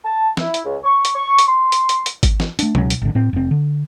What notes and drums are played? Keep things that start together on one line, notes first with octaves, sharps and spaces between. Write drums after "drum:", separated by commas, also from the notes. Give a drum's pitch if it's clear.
A5
E4, drum: snare
drum: hi-hat
C#2
C#6
drum: hi-hat
C#6
drum: hi-hat
C6
drum: hi-hat
drum: hi-hat
drum: hi-hat
drum: kick G#1, hi-hat
drum: snare
A3 D4, drum: hi-hat
C#2 F#3 C#4, drum: tom B2
drum: hi-hat
G#1 D3
A2 C4
F1 C4
D3